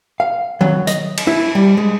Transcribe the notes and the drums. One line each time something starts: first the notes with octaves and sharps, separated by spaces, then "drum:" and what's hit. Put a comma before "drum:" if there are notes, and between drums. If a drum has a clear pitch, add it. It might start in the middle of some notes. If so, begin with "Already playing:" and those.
F5
F#3, drum: tom D#3
D#5, drum: hi-hat
drum: cymbal
E4
G3
G#3